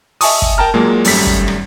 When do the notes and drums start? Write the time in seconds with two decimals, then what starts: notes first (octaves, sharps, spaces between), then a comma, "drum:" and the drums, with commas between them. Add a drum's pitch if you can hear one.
0.21 D#5 E5 G#5 A5 C#6 D#6, drum: open hi-hat
0.42 drum: kick
0.58 A#4 G5 A5 A#5 F6
0.74 A#2 F#3 G#3 A#3
1.04 G#1 F#2 G3 A3 B6, drum: open hi-hat
1.27 drum: kick
1.48 drum: rim click